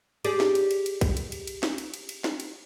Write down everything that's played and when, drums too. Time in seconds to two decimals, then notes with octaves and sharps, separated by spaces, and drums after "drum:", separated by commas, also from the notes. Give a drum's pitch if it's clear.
0.25 G4 G#4 D5, drum: cymbal
0.40 drum: snare
0.55 drum: cymbal
0.71 drum: cymbal
0.86 drum: cymbal
1.01 drum: kick, cymbal
1.17 drum: cymbal
1.32 drum: cymbal
1.47 drum: cymbal
1.63 drum: snare
1.78 drum: cymbal
1.94 drum: cymbal
2.09 drum: cymbal
2.24 drum: snare
2.40 drum: cymbal